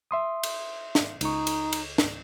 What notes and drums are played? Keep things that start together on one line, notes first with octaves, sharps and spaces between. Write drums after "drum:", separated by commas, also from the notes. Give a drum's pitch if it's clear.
E5 C6 D#6
drum: cymbal
drum: snare
C#2 D#4 C#6, drum: cymbal
drum: cymbal
drum: cymbal
drum: snare